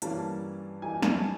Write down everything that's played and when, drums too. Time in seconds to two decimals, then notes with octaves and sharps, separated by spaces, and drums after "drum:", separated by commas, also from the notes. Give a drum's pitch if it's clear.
0.02 G2 E3 G3 A#3 C#4 A5, drum: hi-hat
0.82 E3 G3 A#3 D#4 G#5
1.02 A5, drum: snare